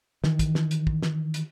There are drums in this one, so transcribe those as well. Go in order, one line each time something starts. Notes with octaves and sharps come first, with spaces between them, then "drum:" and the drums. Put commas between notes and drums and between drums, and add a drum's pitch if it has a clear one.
D#3 E3, drum: snare
drum: kick, hi-hat
drum: snare
drum: hi-hat
drum: kick
drum: snare
drum: hi-hat